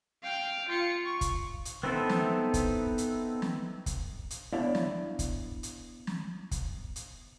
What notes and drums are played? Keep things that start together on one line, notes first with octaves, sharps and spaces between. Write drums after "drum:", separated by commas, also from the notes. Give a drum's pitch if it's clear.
F5 G5
F4 C#7
C#6
drum: kick, hi-hat
drum: hi-hat
B3 C4 D#4 E4 A4
drum: snare
drum: kick, hi-hat
drum: hi-hat
drum: snare
drum: kick, hi-hat
drum: hi-hat
B3 D4 E4 C#5 D5 F5
drum: snare
drum: kick, hi-hat
drum: hi-hat
drum: snare
drum: kick, hi-hat
drum: hi-hat